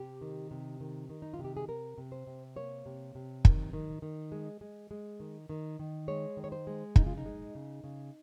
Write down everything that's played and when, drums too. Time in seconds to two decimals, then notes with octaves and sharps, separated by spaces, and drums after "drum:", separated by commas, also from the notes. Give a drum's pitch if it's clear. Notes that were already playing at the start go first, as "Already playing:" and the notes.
Already playing: C3 G4
0.21 D#3
0.51 C3
0.81 D#3
1.09 D#3
1.22 D#4
1.34 F4
1.39 C3
1.44 G4
1.57 G#4
1.68 C3 A#4
1.98 C3
2.12 C5
2.27 C3
2.56 A#3 C#5
2.86 C3
3.15 C3
3.45 D#3, drum: kick
3.73 D#3
4.02 D#3
4.32 G#3
4.61 G#3
4.91 G#3
5.20 D#3
5.49 D#3
5.79 D#3
6.08 G#3 C#5
6.37 D#3
6.44 C#5
6.52 C5
6.67 G#3
6.96 C#3 D#4, drum: kick
7.07 F4
7.18 D#4
7.26 G#3
7.55 C#3
7.84 C#3